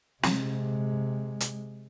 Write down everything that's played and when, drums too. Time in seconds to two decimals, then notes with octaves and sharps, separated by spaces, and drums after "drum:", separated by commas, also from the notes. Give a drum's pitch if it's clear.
0.23 C3 G#3, drum: snare
1.40 drum: hi-hat